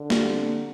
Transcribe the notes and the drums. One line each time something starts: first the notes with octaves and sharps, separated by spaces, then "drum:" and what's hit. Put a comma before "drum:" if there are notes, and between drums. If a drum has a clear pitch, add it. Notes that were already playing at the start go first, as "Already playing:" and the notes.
Already playing: D3
G4, drum: snare
C4
A#3